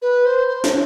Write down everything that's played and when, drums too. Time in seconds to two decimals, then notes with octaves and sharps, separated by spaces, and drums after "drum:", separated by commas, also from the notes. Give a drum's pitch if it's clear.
0.02 B4
0.26 C5
0.48 C5
0.64 C#5, drum: snare